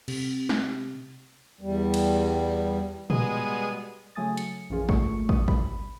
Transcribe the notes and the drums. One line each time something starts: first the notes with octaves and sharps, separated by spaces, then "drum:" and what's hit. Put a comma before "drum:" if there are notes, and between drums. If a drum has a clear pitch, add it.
C3, drum: cymbal
drum: snare
E2 G3
drum: cymbal
B2 G3 G#3 B3 D#5, drum: tom
C#3 F#3 A3 G#5 D#6 A6
C#7, drum: hi-hat
A#1 F#2 E3 C#4 F4 G#4
G#1 A#2 A3 C#6 C#7, drum: kick
D#6, drum: kick
B5, drum: kick